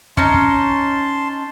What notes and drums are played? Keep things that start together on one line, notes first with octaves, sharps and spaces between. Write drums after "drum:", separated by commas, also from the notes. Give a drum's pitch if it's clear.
C#4 D#4 A5 C6, drum: kick
drum: kick